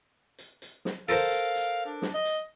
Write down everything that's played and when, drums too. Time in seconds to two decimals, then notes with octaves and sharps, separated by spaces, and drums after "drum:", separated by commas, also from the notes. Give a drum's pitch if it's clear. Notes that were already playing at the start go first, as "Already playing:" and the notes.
0.39 drum: hi-hat
0.62 drum: hi-hat
0.85 drum: snare
1.09 A4 A#4 C5 F5, drum: hi-hat
1.32 drum: hi-hat
1.55 drum: hi-hat
1.86 D4
2.02 drum: snare
2.14 D#5
2.25 drum: hi-hat